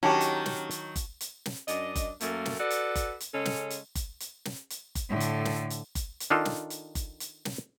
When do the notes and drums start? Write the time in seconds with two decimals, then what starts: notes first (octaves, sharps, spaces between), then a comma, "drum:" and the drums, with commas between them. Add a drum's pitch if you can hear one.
0.03 D#3 F#3 C#4 D4 E4 F#4 G4 A5
0.21 drum: hi-hat
0.46 drum: snare
0.71 drum: hi-hat
0.96 drum: kick F#1, hi-hat
1.21 drum: hi-hat
1.46 drum: snare
1.68 F#2 D4 D#5, drum: hi-hat
1.95 drum: kick F#1, hi-hat
2.20 F#2 A3 A#3, drum: hi-hat
2.45 drum: snare
2.59 F#4 A4 B4 D5
2.70 drum: hi-hat
2.95 drum: kick F#1, hi-hat
3.20 drum: hi-hat
3.33 C#3 G#3 C#4 A4
3.45 drum: snare
3.70 drum: hi-hat
3.95 drum: kick F#1, hi-hat
4.20 drum: hi-hat
4.45 drum: snare
4.70 drum: hi-hat
4.95 drum: kick F#1, hi-hat
5.09 A2 D3
5.20 drum: hi-hat
5.45 drum: snare
5.70 drum: hi-hat
5.95 drum: kick F#1, hi-hat
6.20 drum: hi-hat
6.30 D#3 D4 D#4 F4 A4
6.45 drum: snare
6.70 drum: hi-hat
6.95 drum: kick F#1, hi-hat
7.20 drum: hi-hat
7.45 drum: snare